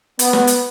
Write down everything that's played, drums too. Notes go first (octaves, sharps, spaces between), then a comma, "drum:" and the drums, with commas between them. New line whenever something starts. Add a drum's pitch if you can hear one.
B3, drum: hi-hat
drum: snare
drum: hi-hat